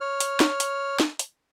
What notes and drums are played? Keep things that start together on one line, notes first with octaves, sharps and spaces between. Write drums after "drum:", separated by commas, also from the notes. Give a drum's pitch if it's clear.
C#5 F6
drum: hi-hat
drum: snare
drum: hi-hat
drum: snare
drum: hi-hat